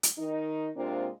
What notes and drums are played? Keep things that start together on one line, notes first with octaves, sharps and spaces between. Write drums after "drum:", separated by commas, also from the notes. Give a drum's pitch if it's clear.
drum: hi-hat
D#3 D#4
C3 G#3 A#3 C4 D4 F4